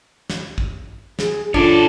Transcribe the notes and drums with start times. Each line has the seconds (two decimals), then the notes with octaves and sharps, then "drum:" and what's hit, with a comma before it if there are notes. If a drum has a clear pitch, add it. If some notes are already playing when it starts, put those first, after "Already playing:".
0.30 drum: snare
0.58 drum: kick
1.19 G#4, drum: snare
1.54 C#4 D4 F4 A4, drum: kick